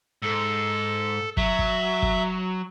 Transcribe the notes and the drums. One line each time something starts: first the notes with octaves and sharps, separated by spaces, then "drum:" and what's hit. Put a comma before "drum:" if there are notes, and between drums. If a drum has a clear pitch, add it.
G#2 A4
F#3 E5, drum: kick
drum: kick
drum: kick